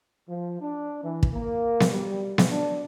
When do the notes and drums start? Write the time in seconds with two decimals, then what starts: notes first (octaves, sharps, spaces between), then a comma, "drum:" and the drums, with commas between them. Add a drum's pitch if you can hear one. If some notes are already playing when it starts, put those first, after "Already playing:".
0.29 F3
0.61 D4
1.03 E3
1.23 drum: kick
1.34 A#3
1.80 drum: snare B3
1.91 G3
2.38 drum: snare B3
2.50 D4